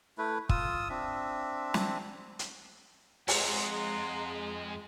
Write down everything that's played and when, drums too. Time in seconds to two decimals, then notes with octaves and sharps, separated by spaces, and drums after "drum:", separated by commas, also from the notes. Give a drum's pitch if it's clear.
0.18 A3 E4 B4
0.49 F4 D#6 E6, drum: kick
0.89 C4 D4 E5
1.74 drum: snare
2.39 drum: hi-hat
3.28 F2 G#3 F#5 A#5 C6, drum: open hi-hat